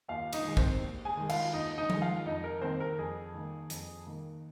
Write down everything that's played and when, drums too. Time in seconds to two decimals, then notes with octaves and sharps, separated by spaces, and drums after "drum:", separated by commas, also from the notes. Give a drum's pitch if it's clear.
0.08 D#2 F4 F5
0.33 D#4 D#5, drum: cymbal
0.45 D#3 G#3
0.57 C4 C5, drum: kick
0.81 D#2
1.05 G#4 G#5
1.17 D#3 G#3
1.29 F4 F5, drum: cymbal
1.53 D#2 D#4 D#5
1.78 D#4 D#5
1.90 D#3 G#3, drum: tom F3
2.02 F4 F5
2.25 F2 D#4 D#5
2.44 A#4
2.62 D#3 A#3 C4 C5
2.80 A#4
2.98 F2 G#4
3.34 D#3 A#3
3.70 F2, drum: hi-hat
4.07 D#3 A#3